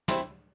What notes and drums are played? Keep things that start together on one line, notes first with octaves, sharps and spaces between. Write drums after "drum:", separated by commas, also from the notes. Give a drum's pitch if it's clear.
A3 C4 E4, drum: snare